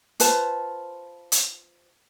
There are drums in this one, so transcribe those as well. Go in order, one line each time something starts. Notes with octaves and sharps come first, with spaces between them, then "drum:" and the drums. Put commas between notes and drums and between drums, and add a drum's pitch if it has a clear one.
F4 B4 C5 A5, drum: hi-hat
drum: hi-hat